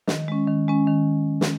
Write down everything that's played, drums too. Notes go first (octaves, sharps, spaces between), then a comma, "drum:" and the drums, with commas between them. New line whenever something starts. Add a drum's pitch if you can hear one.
D#3, drum: snare
G#3 C#4
D#3
G#3 C#4
D#3
drum: snare